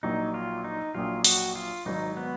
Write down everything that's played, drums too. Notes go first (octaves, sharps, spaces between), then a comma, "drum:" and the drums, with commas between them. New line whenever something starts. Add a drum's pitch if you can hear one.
A#1 A#2 F#3 D#4
F4
D#4
A#1 A#2 F#3 F4
F#4, drum: open hi-hat
F4
G#1 G#2 F#3 D#4
B3